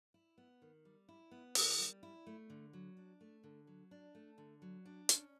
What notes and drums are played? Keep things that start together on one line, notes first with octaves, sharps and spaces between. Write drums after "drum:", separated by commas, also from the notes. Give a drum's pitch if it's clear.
E4
B3
D#3
G3
E4
B3
D#3, drum: open hi-hat
G3
E4
A3
D3
F#3
D4
A3
D3
F#3
D4
A3
D3
F#3
D4
C#4, drum: hi-hat